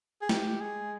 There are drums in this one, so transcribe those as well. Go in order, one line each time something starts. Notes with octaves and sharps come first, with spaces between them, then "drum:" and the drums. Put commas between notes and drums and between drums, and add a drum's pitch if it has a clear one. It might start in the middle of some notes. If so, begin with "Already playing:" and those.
G#4
G#3 G4, drum: snare
G#4